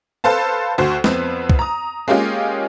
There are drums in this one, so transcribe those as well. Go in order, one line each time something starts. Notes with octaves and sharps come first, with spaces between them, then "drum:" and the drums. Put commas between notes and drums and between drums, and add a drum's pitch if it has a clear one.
A4 B4 C5 F5 A5
D2 F#4 C5
F2 B3 C4, drum: snare
drum: kick
A#5 D#6
G#3 A#3 C#4 F4 G4 D#5